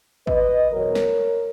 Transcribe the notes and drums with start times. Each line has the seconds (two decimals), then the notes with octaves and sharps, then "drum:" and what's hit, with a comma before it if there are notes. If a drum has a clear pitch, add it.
0.27 B4 D#5, drum: kick G#1
0.72 E2 B2 F#3 B3 A#4 C#5
0.95 drum: snare